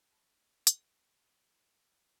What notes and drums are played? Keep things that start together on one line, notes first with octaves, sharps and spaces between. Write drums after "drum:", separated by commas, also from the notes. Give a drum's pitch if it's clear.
G#5 A5 B5
drum: hi-hat